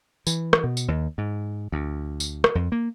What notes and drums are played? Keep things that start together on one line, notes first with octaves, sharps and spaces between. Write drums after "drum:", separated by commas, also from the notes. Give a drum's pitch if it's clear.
E3, drum: tambourine
drum: rim click
B2
drum: tambourine
D#2
G#2
D2
drum: tambourine
drum: rim click
F2
A#3